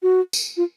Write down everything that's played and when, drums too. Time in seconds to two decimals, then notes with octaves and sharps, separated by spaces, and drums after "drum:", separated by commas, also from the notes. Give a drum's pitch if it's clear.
0.03 F#4
0.33 drum: tambourine
0.57 F4